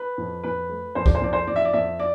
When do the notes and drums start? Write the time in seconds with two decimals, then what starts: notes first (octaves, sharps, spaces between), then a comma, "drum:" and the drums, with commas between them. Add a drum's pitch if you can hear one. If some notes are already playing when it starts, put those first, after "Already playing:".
Already playing: B4
0.18 F2
0.44 F2 B4
0.69 A3
0.95 F2 C5
1.06 D5, drum: kick C2
1.15 C5
1.21 F2 D5
1.33 C5
1.47 F2 D5
1.56 E5
1.65 D5
1.73 F2 E5
1.99 D5